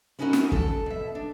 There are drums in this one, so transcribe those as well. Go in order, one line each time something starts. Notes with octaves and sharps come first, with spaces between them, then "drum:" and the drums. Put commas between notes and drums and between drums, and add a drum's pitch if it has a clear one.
B3 C#4 D#4 E4 F#4 A#4
drum: snare
A4, drum: kick
B2 E5
D4